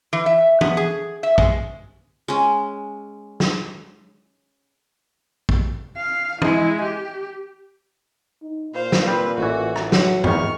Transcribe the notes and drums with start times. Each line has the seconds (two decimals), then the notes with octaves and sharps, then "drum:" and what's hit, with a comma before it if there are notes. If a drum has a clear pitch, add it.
0.13 E3
0.26 E5
0.61 B3, drum: tom
0.77 G#4
1.23 E5
1.38 G#3, drum: kick
2.28 G#3 C#4
3.40 drum: snare
5.49 drum: kick
5.97 F5
6.42 G#3 E4, drum: tom
6.82 G4
8.42 D#4
8.74 A#2 C5 F5
8.92 drum: snare
9.07 G3 C4 B4
9.38 A1 E3 F#4
9.76 drum: rim click
9.92 F#3 F#5, drum: snare
10.24 G#1 E2 D#3 C#6 F6, drum: tom G2